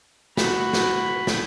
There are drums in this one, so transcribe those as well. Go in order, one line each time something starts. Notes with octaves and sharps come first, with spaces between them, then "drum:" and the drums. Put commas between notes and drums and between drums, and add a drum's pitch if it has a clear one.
F#4 B5, drum: snare
drum: snare
drum: snare